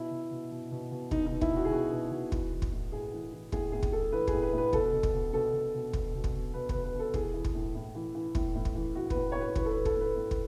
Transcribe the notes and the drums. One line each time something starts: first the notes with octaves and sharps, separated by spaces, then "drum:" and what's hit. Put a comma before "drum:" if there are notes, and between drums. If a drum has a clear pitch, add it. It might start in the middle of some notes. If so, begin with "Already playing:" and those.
Already playing: B2 E4
B2
B2
B2
B2
B2
B2 D#4, drum: kick
D#4
B2
E4, drum: kick
B2 F#4
G#4
B2 F#4
B2
B2
E3, drum: kick
E3
drum: kick
A2
A2 G#4
E3
E3
A2 G#4, drum: kick
A2 G#4
drum: kick
E3 A4
E3 B4
G#4, drum: kick
A2
B4
A2 B4
B2 A4, drum: kick
B2
drum: kick
B2
B2 A4
B2
B2
B2, drum: kick
B2
drum: kick
B2
B2 B4
B4, drum: kick
B2
B4
B2
A4
E3 G#4, drum: kick
E3
drum: kick
A2
A2
E3
E3
A2, drum: kick
A2
drum: kick
E3
E3 F#4
A2 B4, drum: kick
C#5
A2
B4
E3 B4, drum: kick
A4
E3 B4
A4, drum: kick
A2
B4
A2
drum: kick